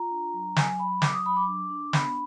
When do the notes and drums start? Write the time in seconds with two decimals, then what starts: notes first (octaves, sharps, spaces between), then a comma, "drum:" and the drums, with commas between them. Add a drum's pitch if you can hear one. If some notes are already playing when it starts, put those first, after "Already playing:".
Already playing: F4 A#5
0.11 D4
0.33 F#3
0.56 F#3 G#5, drum: snare
0.79 F#3 B5
1.02 F#3 D6, drum: snare
1.14 D#6
1.25 F#3 B5
1.36 D6
1.47 D4
1.70 D4
1.93 B3 B5, drum: snare